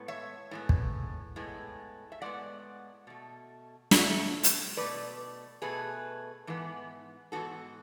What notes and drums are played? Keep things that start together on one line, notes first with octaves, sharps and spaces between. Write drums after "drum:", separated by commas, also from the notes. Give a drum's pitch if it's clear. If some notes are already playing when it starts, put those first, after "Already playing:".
Already playing: A2 G#3 B3
C#5 E5
A2 G#3 B3
drum: kick
A2 G#3 B3
E5
A2 G#3 B3 D5 F#5
B2 A3
B2 A3 E5, drum: snare
F#5
C#5 E5
drum: hi-hat
B2 A3 B4 D5
B2 A3 G#4 B4
G#2 E3 B3
G#2 E3 B3 F#4 A4